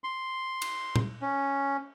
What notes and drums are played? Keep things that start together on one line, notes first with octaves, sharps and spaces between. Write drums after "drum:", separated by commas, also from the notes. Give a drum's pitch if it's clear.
C6
drum: cymbal
drum: tom A#2
C#4